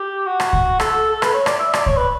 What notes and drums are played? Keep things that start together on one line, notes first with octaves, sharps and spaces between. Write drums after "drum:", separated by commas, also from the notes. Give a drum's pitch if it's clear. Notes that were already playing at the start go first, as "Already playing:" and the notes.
Already playing: G4
F#4
drum: rim click
drum: kick C2
A4, drum: rim click
A4
B4, drum: rim click
C#5
D5, drum: rim click
E5
D5, drum: rim click
C#5, drum: kick C2
B4